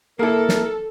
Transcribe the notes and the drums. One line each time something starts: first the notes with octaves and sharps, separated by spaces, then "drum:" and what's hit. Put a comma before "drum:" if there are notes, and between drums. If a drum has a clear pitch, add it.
A#3 E4 A4 A#4
drum: snare